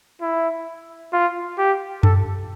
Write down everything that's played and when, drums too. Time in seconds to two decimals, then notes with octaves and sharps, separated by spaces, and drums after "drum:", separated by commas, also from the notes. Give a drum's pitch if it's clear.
0.21 E4
1.13 F4
1.58 G4
2.03 A4, drum: tom F#2